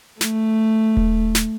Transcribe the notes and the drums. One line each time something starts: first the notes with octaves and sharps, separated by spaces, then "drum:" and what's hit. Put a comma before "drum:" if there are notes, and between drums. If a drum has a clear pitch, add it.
A3, drum: snare
drum: kick D#1
drum: snare